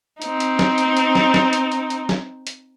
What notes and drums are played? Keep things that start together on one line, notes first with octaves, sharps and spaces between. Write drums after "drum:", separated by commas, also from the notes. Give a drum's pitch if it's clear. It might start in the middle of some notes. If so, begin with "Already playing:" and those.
C4 D#4, drum: hi-hat
drum: hi-hat
drum: snare
drum: hi-hat
drum: hi-hat
drum: snare
drum: snare
drum: hi-hat
drum: hi-hat
drum: hi-hat
drum: snare
drum: hi-hat